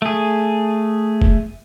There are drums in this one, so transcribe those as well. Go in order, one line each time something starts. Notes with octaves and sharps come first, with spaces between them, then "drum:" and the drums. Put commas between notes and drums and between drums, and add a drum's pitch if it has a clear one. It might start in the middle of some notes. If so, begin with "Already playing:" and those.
A3 G#4
drum: kick F1